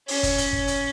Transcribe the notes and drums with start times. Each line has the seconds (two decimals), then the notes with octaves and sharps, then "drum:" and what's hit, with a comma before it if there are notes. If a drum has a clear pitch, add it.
0.08 C#4, drum: open hi-hat
0.23 drum: kick F#1, hi-hat
0.38 drum: hi-hat
0.53 drum: kick F#1
0.68 drum: hi-hat